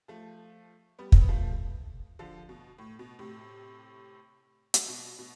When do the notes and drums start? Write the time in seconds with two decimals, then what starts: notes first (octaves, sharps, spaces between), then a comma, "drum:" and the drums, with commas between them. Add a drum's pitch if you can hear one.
0.08 F3 A3
0.99 G3 B3
1.12 C4, drum: kick
1.21 B3
1.29 F3 A3
2.19 D3 F3
2.49 B2
2.78 A2
2.99 B2
3.19 A2 C3
4.74 drum: hi-hat
4.88 B2
5.19 B2